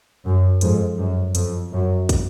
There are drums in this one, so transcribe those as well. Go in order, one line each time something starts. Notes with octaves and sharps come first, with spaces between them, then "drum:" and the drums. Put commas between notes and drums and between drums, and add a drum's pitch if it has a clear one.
F#2
F2 G#2, drum: hi-hat
F#2
F2, drum: hi-hat
F#2
drum: kick, hi-hat